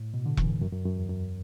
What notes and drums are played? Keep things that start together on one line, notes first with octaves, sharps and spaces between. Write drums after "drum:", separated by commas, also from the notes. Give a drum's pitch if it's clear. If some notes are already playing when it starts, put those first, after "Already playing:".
Already playing: A2
B2
D3
E3, drum: kick E1
F#2
F#2
F#2
F#2
E2
F#2